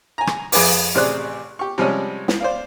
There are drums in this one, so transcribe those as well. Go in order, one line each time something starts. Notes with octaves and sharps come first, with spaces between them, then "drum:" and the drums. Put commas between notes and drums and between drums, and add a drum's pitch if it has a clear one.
G#5 A#5
drum: rim click
F2 G#4 B4 D6, drum: open hi-hat
A1 C3 G#4 C5 D5 F#6
G4 C#6
C3 F3 G3 G#3 C4 C#4
drum: snare
C5 D5 F5